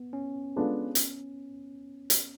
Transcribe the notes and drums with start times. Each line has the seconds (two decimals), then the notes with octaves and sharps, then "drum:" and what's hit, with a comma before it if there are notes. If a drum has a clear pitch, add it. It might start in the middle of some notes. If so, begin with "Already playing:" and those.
Already playing: B3
0.13 C#4
0.56 G#3 B3 D4 F4 A4
0.95 drum: hi-hat
2.10 drum: hi-hat